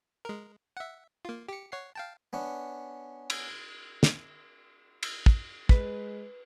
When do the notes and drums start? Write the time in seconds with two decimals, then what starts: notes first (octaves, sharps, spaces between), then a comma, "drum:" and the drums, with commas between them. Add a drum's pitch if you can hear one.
0.25 G#3 A#4
0.77 E5 F#5
1.25 A#3 F4
1.48 G4 C#7
1.72 C#5 F#5 C7
1.95 F5 G5 A5
2.33 B3 C#4 D4
3.30 drum: cymbal
4.03 drum: snare
5.03 drum: cymbal
5.26 drum: kick
5.69 G#3 B4, drum: kick